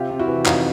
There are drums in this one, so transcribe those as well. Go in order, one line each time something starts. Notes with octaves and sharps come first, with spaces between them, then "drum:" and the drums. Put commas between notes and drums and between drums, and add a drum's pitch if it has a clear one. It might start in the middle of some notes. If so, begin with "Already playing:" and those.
Already playing: C3 F4 G4
C3
E4 F#4
E3
F2 D#4 F4, drum: clap